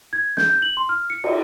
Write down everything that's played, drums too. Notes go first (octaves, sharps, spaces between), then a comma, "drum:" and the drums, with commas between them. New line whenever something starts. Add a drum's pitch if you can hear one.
G#6
G6, drum: snare
G6
F#7
C6
F6
C#7
F#4, drum: cymbal